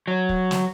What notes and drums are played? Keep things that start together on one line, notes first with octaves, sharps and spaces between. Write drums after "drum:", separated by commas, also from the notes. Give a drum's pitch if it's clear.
F#3
drum: kick
drum: snare